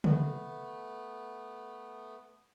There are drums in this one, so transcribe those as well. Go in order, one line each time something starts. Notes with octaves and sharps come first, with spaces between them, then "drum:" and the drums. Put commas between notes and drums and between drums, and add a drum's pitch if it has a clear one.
A3 B3, drum: tom